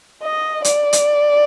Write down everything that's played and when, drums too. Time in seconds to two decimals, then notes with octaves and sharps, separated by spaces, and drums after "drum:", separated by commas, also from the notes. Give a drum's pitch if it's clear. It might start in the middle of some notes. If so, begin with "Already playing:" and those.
0.23 D#5
0.64 D5, drum: hi-hat
0.93 drum: hi-hat